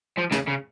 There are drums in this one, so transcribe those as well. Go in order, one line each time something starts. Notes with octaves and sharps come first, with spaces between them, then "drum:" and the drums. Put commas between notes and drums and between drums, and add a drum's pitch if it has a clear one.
F3
C#3, drum: snare
C#3